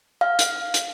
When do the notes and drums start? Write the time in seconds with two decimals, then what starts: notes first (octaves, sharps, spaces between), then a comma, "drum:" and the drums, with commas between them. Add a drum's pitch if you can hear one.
0.21 F5
0.39 drum: hi-hat
0.74 drum: hi-hat